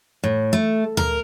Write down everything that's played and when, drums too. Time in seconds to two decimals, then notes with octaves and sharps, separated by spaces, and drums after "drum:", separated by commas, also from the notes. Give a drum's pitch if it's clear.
0.24 A2
0.53 A3
0.97 A#4, drum: tom D2